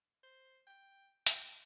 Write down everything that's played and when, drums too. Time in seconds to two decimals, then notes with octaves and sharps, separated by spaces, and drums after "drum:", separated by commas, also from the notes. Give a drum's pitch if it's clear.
0.23 C5
0.67 G5
1.27 G5, drum: hi-hat